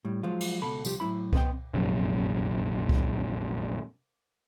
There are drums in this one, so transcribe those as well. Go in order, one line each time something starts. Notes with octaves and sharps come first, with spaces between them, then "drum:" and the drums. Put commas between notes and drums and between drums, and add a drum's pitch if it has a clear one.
A2 G3
F3 F#3 G#3 F4
drum: cymbal
C#2 B2 A4 B5
C2 F3 G4, drum: tambourine
A2 F#3 A3 E4 B5
B3 C4 D#5 G5, drum: kick C2
F1 A#1 F#2
drum: kick C2